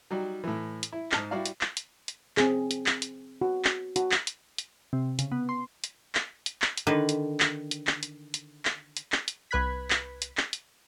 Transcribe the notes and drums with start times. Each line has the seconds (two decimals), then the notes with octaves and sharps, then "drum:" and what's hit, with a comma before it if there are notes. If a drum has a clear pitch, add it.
0.11 F#3 G3 D#4 F#4
0.44 A2 E3
0.83 drum: hi-hat
0.93 E4
1.12 G#2 A5 D#6 F6, drum: clap
1.31 G3 E4 F#4 D5 F5
1.46 drum: hi-hat
1.61 drum: clap
1.77 drum: hi-hat
2.08 drum: hi-hat
2.37 C4 G#4, drum: clap
2.71 drum: hi-hat
2.86 drum: clap
3.02 drum: hi-hat
3.41 F#4
3.65 drum: clap
3.96 F#4, drum: hi-hat
4.12 drum: clap
4.27 drum: hi-hat
4.58 drum: hi-hat
4.93 C3
5.19 C#3, drum: hi-hat
5.32 B3
5.49 C6
5.84 drum: hi-hat
6.15 drum: clap
6.46 drum: hi-hat
6.62 drum: clap
6.78 drum: hi-hat
6.87 D3 D#3 B4
7.09 drum: hi-hat
7.40 drum: clap
7.71 drum: hi-hat
7.87 drum: clap
8.03 drum: hi-hat
8.34 drum: hi-hat
8.65 drum: clap
8.97 drum: hi-hat
9.12 drum: clap
9.28 drum: hi-hat
9.51 C2 B4 B5 F#6 G#6 B6
9.90 drum: clap
10.22 drum: hi-hat
10.37 drum: clap
10.53 drum: hi-hat